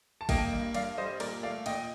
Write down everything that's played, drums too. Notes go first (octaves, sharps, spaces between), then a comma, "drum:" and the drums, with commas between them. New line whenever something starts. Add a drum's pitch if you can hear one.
A5
A#3 D#5 G5, drum: kick, cymbal
G2
G2 D5 F5, drum: cymbal
G3 C5 D#5
A#2 A#4 D5, drum: cymbal
A3 D5 F5
A#2 D#5 G5, drum: cymbal